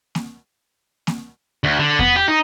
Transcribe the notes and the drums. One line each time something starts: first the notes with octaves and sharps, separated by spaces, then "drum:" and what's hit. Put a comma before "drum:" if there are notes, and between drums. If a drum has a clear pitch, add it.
drum: snare A#3
drum: snare A#3
D2
D3
B3, drum: kick E2
G4
D#4